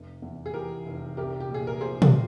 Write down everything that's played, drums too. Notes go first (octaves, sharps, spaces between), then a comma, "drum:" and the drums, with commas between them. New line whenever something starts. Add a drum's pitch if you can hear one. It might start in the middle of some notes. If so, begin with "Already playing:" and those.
Already playing: F1
E2
G#4
E3 G4 A#4
F1
C2 G4 A#4
G4
A#2
G#4
A#4
F3 G#4 C5
drum: tom